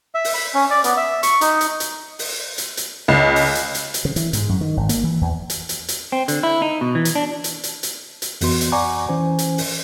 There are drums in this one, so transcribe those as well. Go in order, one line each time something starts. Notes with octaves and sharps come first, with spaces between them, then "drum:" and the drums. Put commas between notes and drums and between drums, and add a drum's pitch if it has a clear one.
E5
drum: open hi-hat
B5
C#4
D5
B3, drum: hi-hat
E5
C#6, drum: hi-hat
D#4, drum: hi-hat
drum: hi-hat
drum: hi-hat
drum: open hi-hat
drum: hi-hat
drum: hi-hat
C#2
drum: open hi-hat
drum: hi-hat
drum: hi-hat
drum: hi-hat
C#3
E3, drum: hi-hat
G#2, drum: hi-hat
F#2
D#3
G#1
A#3, drum: hi-hat
E3
E2
drum: hi-hat
drum: hi-hat
drum: hi-hat
C4
D3, drum: hi-hat
E4
D#4
B2
E3
drum: hi-hat
D4
drum: hi-hat
drum: hi-hat
drum: hi-hat
drum: hi-hat
F2 E3 B3 F#4 C6, drum: open hi-hat
drum: hi-hat
D5 F#5 G#5 A#5 C#6 D6
E3 C#4 C5 G#5
drum: hi-hat
drum: open hi-hat